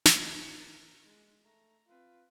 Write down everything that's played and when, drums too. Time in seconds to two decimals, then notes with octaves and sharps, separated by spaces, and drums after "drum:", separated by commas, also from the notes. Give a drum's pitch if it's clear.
0.05 drum: snare
0.59 A#4
1.04 G#3
1.44 A3 A#5
1.88 C4 F4 B4